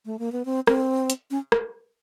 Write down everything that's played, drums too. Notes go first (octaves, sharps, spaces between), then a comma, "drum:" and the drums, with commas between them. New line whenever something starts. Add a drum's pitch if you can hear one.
A3
A#3
B3
C4
C4, drum: rim click
drum: hi-hat
C#4
drum: rim click